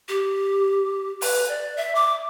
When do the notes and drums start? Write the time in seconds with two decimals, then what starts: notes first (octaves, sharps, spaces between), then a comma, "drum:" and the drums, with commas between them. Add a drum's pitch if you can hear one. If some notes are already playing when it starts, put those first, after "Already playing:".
0.08 G4
1.22 B4, drum: open hi-hat
1.48 D5
1.77 E5
1.95 D6